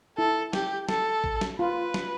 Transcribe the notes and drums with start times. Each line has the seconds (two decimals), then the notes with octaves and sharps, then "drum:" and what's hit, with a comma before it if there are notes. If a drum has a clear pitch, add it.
0.18 E4 A4
0.53 G4, drum: snare
0.89 A4, drum: snare
1.24 drum: kick A1
1.41 drum: snare
1.59 F4 B4
1.94 drum: snare